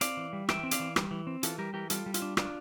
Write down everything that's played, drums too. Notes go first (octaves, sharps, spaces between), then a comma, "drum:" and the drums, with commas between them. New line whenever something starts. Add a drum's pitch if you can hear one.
C4 D5 F5, drum: hi-hat
E3
G3
E3 E5 G5, drum: rim click
C4
D5 F5, drum: hi-hat
E3
G3, drum: rim click
E3
C4
E3 F4 A4, drum: hi-hat
G3 G4 A#4
E3 G4 A#4
G3 F4 A4, drum: hi-hat
G3
F4, drum: hi-hat
D4
D4 F4, drum: rim click